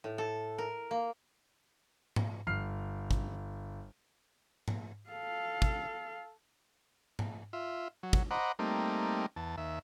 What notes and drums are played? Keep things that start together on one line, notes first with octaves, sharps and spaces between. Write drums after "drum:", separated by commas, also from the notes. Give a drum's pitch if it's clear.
A2
A4
A#4
A#3
drum: tom G#2
G1 F6 C7
drum: kick
drum: tom G#2
A4 F5
drum: kick
drum: tom G#2
F4 E5
F#3
drum: kick
C5 D#5 F#5 A#5 B5 D6
G3 A3 A#3 C4 D#4
E2 A5
D#2 E5